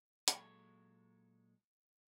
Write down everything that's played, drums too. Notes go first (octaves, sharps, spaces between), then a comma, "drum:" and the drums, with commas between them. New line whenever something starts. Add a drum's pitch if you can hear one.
A#2 F#3 G#3 A4 C#5, drum: hi-hat